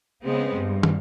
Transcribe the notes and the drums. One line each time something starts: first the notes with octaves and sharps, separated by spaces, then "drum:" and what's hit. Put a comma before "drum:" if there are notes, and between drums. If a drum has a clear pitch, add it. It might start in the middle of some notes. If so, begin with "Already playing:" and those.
C#3 G#3 B3 C4
G2
drum: tom